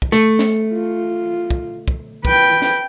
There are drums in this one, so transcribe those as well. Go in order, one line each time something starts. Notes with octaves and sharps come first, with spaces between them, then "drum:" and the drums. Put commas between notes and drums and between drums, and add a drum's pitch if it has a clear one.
drum: kick
A3
drum: snare
F4
drum: kick
drum: kick
B4 G5, drum: kick
drum: snare